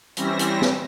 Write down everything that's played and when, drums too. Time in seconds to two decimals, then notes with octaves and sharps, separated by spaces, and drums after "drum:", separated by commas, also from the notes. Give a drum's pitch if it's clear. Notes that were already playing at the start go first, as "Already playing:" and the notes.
0.17 E3 G3 C4 C#4 E5 A#6, drum: hi-hat
0.39 drum: hi-hat
0.62 drum: snare C4